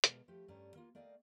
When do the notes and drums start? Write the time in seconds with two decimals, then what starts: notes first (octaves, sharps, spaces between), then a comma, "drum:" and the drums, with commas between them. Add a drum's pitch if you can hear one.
0.04 B2 G#3 A#4, drum: hi-hat
0.28 F3 A3 G4
0.48 G2 G3 A3 C#4 D5 A#5
0.75 A#3 F4
0.95 A3 A#3 D5 D#5 F5 G5